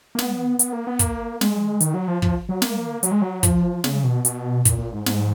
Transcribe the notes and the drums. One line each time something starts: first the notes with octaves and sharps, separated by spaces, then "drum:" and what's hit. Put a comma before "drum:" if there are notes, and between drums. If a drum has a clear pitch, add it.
A#3
B3, drum: snare
B3, drum: hi-hat
A#3
B3
A#3, drum: kick, hi-hat
G#3, drum: snare
D#3, drum: hi-hat
F#3
F3
F3, drum: kick
F#3
A#3, drum: snare
F#3, drum: hi-hat
G#3
F#3
F3, drum: kick, hi-hat
C#3, drum: snare
B2
B2, drum: hi-hat
A#2, drum: kick, hi-hat
A#2
G#2
G#2, drum: snare